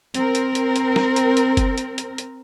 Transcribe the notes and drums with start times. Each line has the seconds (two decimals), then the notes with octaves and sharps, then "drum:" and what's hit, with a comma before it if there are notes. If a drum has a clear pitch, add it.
0.14 C4 A#4, drum: hi-hat
0.35 drum: hi-hat
0.55 drum: hi-hat
0.76 drum: hi-hat
0.96 drum: snare
1.16 drum: hi-hat
1.37 drum: hi-hat
1.57 drum: kick F#1, hi-hat
1.78 drum: hi-hat
1.98 drum: hi-hat
2.18 drum: hi-hat